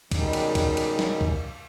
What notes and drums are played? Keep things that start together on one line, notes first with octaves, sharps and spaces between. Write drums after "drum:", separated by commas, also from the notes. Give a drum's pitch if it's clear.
B2 D#3 G3 G#3 C#4 D#4, drum: kick, cymbal
drum: cymbal
drum: kick, cymbal
drum: cymbal
drum: snare
drum: kick